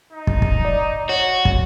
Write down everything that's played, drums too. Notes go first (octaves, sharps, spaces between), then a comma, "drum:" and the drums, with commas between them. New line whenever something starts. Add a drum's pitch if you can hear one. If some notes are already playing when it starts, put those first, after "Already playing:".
D#4
drum: kick
drum: kick
D5
F#4 C#5
drum: kick